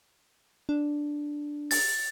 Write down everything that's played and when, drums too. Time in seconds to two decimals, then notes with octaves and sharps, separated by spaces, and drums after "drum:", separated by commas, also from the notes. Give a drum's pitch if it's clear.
0.69 D4
1.71 A6, drum: open hi-hat